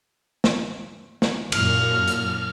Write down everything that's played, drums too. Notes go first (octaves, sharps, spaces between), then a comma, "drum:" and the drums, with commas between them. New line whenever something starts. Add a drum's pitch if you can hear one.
drum: snare
drum: snare
F#2 A#2 F6, drum: cymbal
drum: hi-hat